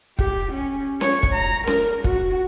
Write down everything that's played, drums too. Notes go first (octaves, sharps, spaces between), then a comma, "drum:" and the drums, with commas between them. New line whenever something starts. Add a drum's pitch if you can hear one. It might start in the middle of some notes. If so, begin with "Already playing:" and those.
G4, drum: kick
C#4
C#5, drum: snare C#4
drum: kick
A#5
A#4, drum: snare C#4
F#4, drum: kick